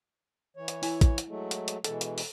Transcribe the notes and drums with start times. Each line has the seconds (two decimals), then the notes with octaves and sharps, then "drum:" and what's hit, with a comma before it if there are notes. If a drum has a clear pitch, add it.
0.57 E3 C#5
0.68 drum: hi-hat
0.83 E4 G#5, drum: open hi-hat
1.01 drum: kick, hi-hat
1.18 drum: hi-hat
1.28 F#3 G#3 A3
1.51 drum: hi-hat
1.68 drum: hi-hat
1.84 B2 E3 G#3 A4, drum: hi-hat
2.01 drum: hi-hat
2.18 drum: open hi-hat